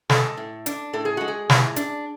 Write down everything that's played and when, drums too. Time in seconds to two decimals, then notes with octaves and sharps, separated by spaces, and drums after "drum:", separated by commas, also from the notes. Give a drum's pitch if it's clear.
0.09 G#3 A4, drum: snare
0.37 A2
0.66 D4, drum: hi-hat
0.93 A2 A4
1.05 G#4
1.17 G#3 F#4
1.28 G#4
1.49 A2, drum: snare
1.76 D4, drum: hi-hat